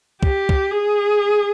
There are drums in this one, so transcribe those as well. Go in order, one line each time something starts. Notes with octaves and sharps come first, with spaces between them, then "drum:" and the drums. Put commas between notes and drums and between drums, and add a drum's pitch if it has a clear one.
G4, drum: kick
drum: kick
G#4